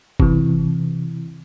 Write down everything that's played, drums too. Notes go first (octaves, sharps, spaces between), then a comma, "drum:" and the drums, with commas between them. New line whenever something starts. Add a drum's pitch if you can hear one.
C3 E3, drum: kick